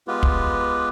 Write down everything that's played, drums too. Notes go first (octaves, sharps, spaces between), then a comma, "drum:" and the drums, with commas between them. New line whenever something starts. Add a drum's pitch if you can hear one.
G#3 B3 F4 G4 B4
drum: kick